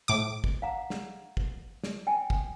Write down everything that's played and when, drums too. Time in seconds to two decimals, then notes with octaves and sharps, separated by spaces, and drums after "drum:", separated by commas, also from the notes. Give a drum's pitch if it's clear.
0.08 A2 D6
0.44 drum: kick
0.62 F5 F#5 A#5
0.90 drum: snare
1.37 drum: kick
1.84 drum: snare
2.07 G5 G#5
2.30 drum: kick